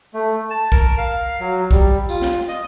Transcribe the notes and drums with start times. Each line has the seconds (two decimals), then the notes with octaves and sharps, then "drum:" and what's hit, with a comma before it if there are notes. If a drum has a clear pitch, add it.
0.14 A3
0.50 A5
0.72 A#4, drum: kick
0.98 F5
1.40 F#3
1.71 G3, drum: kick
2.09 F4, drum: tambourine
2.22 drum: snare
2.48 D#5